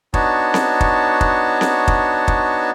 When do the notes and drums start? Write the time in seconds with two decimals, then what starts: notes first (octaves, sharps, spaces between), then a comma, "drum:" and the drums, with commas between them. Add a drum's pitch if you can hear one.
0.14 B3 D4 D#4 F#4 C#5 A5, drum: kick
0.54 drum: snare C4
0.81 drum: kick
1.21 drum: kick
1.61 drum: snare C4
1.88 drum: kick
2.28 drum: kick